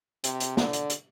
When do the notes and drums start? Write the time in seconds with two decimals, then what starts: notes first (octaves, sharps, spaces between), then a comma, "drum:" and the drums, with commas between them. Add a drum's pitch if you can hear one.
0.24 C3, drum: hi-hat
0.40 drum: hi-hat
0.57 D3, drum: snare
0.73 drum: hi-hat
0.90 drum: hi-hat